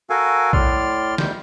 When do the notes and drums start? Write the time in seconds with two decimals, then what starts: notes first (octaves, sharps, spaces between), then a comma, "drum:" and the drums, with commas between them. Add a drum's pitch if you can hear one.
0.10 F#4 A4 A#4 F5 G#5
0.53 A2 D5 C6 F6, drum: kick A#1
1.18 D2 D#3 G3 G6, drum: snare